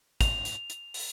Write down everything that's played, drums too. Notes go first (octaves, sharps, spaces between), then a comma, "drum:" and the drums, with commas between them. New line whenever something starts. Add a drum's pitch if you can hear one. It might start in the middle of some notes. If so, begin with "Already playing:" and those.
F7, drum: kick, hi-hat
drum: hi-hat
drum: hi-hat
drum: open hi-hat